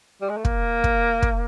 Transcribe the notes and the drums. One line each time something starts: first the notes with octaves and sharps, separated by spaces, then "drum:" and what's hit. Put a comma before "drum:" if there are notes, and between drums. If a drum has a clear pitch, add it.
G3
G#3
A3
A#3, drum: kick
drum: kick
drum: kick